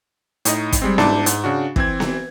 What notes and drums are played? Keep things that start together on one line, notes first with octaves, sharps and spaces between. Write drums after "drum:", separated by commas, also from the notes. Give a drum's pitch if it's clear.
A2 D#4 D#5, drum: hi-hat
drum: kick, hi-hat
G3 G#3 C4
G#2 D4 E4 D5 A5, drum: snare B3
G#2, drum: hi-hat
C#3 D4 F#4
E3 C4 G#6, drum: kick
drum: snare B3